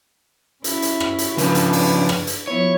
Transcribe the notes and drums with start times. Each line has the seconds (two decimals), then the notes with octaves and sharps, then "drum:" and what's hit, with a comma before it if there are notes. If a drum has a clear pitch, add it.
0.64 C#4 E4 F#4, drum: hi-hat
0.82 drum: hi-hat
1.00 drum: rim click
1.18 drum: hi-hat
1.38 C#3 F3 D4 B4, drum: hi-hat
1.55 drum: hi-hat
1.73 drum: open hi-hat
2.09 drum: rim click
2.27 drum: hi-hat
2.48 F3 B3 E4 C#5